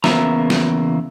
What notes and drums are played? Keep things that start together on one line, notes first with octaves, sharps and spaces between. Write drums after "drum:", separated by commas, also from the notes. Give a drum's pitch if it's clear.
E2 C#3 A#3 B3 E5 A#5, drum: snare
drum: snare